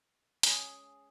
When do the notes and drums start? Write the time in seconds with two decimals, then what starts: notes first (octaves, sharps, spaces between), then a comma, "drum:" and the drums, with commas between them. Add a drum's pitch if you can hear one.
0.43 G#3 C#4 G#4, drum: hi-hat